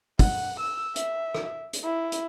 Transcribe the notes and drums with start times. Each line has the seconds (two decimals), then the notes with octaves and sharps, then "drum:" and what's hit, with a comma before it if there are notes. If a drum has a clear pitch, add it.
0.19 F#5, drum: kick, open hi-hat
0.60 E6
0.96 E5, drum: hi-hat
1.34 drum: rim click
1.73 drum: hi-hat
1.84 E4
2.12 drum: hi-hat